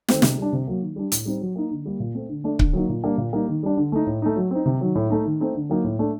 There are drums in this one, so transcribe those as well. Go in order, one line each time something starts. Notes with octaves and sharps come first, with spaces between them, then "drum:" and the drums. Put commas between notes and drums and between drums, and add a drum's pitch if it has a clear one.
D#3 A3 C4, drum: snare
C3, drum: snare
G3 D4
C3
F#3 A#3
D#3
G3 D4
A2, drum: hi-hat
G3 C4 D#4
F#3
A#3 D#4
D3
G3 A#3
A#2
A3 C4
D3
A3 D4
D3, drum: kick C#1
F#3 A#3 D#4
A#2
G3 A#3 D4
A#2
G3 A#3 D#4
D#3
G3 D4
D3
A3 D#4
A2
A3 D#4
F#3
C4 D#4
C3
D#3 F#3
A2
A3 D#4
D#3
A3 C4 D#4
D3
F#3 A#3 D#4
A2
A3 D4